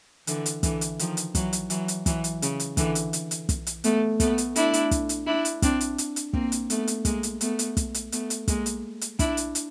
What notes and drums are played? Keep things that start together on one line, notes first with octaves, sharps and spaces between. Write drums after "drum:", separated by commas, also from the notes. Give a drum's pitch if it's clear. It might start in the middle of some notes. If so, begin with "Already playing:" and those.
D3 E3, drum: hi-hat
drum: hi-hat
D3 E3, drum: kick, hi-hat
drum: hi-hat
D#3 F3, drum: hi-hat
drum: hi-hat
E3 F#3, drum: kick, hi-hat
drum: hi-hat
E3 F#3, drum: hi-hat
drum: hi-hat
E3 F#3, drum: kick, hi-hat
drum: hi-hat
C#3, drum: hi-hat
drum: hi-hat
D3 E3, drum: kick, hi-hat
drum: hi-hat
drum: hi-hat
drum: hi-hat
drum: kick, hi-hat
drum: hi-hat
A3 B3, drum: hi-hat
A3 B3, drum: kick, hi-hat
drum: hi-hat
D4 E4, drum: hi-hat
drum: hi-hat
drum: kick, hi-hat
drum: hi-hat
D4 E4
drum: hi-hat
C4 D4, drum: kick, hi-hat
drum: hi-hat
drum: hi-hat
drum: hi-hat
A#3 C4, drum: kick
drum: hi-hat
A3 B3, drum: hi-hat
drum: hi-hat
G#3 A#3, drum: kick, hi-hat
drum: hi-hat
A3 B3, drum: hi-hat
drum: hi-hat
drum: kick, hi-hat
drum: hi-hat
A3 B3, drum: hi-hat
drum: hi-hat
G#3 A#3, drum: kick, hi-hat
drum: hi-hat
drum: hi-hat
D4 E4, drum: kick, hi-hat
drum: hi-hat
drum: hi-hat